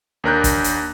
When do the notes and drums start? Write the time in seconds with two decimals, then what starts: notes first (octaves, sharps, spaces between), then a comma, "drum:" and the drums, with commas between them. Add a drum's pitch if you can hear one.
0.24 D#2 D4 A#4 A#5 F#6 G6
0.44 drum: kick, hi-hat
0.64 drum: hi-hat